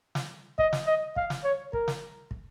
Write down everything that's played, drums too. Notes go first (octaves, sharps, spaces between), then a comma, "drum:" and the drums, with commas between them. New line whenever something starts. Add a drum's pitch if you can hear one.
drum: snare
D#5, drum: kick
drum: snare
D#5
F5, drum: kick
drum: snare
C#5
A#4, drum: kick
drum: snare
drum: kick